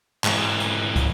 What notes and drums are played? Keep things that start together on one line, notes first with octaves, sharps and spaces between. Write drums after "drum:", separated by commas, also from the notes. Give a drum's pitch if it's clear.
G#2 E3, drum: clap
drum: hi-hat
drum: kick, hi-hat